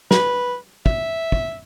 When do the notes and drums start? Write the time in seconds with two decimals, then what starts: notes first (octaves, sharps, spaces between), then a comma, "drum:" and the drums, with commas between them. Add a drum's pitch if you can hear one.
0.11 B4, drum: snare
0.86 E5, drum: kick
1.32 drum: kick